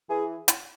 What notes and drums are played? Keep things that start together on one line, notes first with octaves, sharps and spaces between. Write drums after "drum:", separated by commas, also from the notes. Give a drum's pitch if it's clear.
E3 G#4
drum: hi-hat